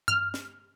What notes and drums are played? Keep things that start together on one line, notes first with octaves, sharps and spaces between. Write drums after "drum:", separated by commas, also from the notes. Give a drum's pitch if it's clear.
F6, drum: tom G2
drum: snare